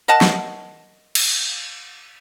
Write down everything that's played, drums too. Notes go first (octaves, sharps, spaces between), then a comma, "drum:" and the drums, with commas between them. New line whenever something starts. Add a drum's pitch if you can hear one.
A#4 D#5 F#5 A5
drum: snare
drum: cymbal